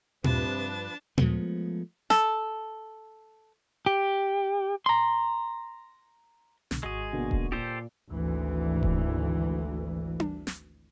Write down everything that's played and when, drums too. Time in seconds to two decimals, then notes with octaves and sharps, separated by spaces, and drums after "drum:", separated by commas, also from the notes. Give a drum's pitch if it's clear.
0.24 G2 C3 F3 D4 B4 A5, drum: tom A#2
1.18 F3 G#3 A3 B3, drum: tom A#2
2.10 A4, drum: snare
3.86 G4
4.86 A#5 C6
6.71 C2 B2 D3, drum: snare
6.83 G#1 G#3 F#4 G#4 C#6
7.13 B2 D3 A#3
7.31 drum: kick D#1
7.52 A#2 G4 A4 C5
8.10 G#1 D2 E3
8.83 drum: kick D#1
10.20 drum: tom D4
10.47 drum: snare